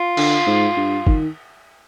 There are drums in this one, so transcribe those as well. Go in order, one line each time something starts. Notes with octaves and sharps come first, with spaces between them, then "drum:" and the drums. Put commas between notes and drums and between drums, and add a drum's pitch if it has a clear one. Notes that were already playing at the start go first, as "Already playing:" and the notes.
Already playing: F4
D3, drum: cymbal
G#2
G2
D#3, drum: kick G1